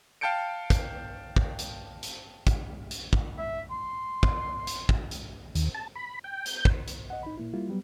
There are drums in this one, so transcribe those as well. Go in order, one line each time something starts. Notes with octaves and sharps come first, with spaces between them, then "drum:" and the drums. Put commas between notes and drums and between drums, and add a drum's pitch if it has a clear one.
F5 G5 A5 G6 C#7 D7
drum: kick, hi-hat
drum: kick
drum: hi-hat
drum: hi-hat
drum: kick, hi-hat
drum: hi-hat
drum: kick
E5
C6
drum: kick
drum: hi-hat
drum: kick
drum: hi-hat
D#2, drum: hi-hat
A5
B5
G5
G6, drum: hi-hat
drum: kick
drum: hi-hat
D#5 F#5
D#4 B5
A#2 A#3 E4
G3 A#3 E4 F4
F#3 G3 B3